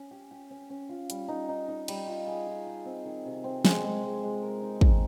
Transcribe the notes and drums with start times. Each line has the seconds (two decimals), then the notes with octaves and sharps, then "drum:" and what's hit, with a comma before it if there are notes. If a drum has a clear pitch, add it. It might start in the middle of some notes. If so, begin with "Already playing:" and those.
Already playing: C#4
0.11 G4
0.31 G4
0.50 C#4
0.70 C#4
0.89 F4
1.10 G3, drum: hi-hat
1.28 D#4
1.49 D#4
1.68 D#4
1.88 G3, drum: cymbal
2.07 F4
2.27 G#4
2.47 F4
2.67 G#4
2.85 C4
3.05 D#3
3.26 C3
3.44 C4
3.65 G#3, drum: snare
3.84 G#3
4.04 G#3
4.23 G#3
4.42 A#4
4.62 D#4
4.81 D#4, drum: kick